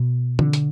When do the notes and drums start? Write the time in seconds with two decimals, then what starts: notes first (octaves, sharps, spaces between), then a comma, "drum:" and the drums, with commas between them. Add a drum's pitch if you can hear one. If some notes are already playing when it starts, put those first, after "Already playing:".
Already playing: B2
0.39 D3, drum: tom
0.53 drum: hi-hat